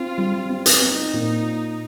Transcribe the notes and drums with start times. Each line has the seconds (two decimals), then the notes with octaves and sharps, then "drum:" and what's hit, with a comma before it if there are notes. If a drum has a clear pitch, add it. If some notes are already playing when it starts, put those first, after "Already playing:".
Already playing: C4 F4
0.18 G3
0.49 C4
0.66 drum: hi-hat
0.81 C4 D#4
1.13 A#2